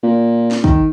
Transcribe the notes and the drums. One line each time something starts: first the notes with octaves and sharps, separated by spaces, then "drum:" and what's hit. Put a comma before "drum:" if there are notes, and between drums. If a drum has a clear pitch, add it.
A#2
drum: snare
D#3, drum: kick